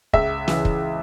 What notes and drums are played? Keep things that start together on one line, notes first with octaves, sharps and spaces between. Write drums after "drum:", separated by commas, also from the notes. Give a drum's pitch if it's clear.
C#2 E5, drum: kick
C#3 E3, drum: snare
drum: kick